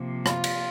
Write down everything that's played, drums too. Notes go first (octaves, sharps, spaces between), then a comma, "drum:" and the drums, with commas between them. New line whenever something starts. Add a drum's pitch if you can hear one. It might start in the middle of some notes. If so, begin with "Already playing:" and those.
Already playing: C3 F3 A#3
F4, drum: rim click
drum: cymbal